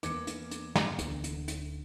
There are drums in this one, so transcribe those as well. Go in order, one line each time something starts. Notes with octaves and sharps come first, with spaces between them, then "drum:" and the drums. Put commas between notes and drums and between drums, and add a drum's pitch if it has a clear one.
E2 A#3 D6 G#6 C#7, drum: hi-hat
drum: hi-hat
drum: hi-hat
drum: snare
D1 D2, drum: hi-hat
drum: hi-hat
drum: hi-hat